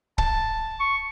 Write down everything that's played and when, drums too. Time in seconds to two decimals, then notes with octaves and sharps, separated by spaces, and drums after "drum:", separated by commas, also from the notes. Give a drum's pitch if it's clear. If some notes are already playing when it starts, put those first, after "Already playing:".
0.18 A5, drum: kick
0.80 C#6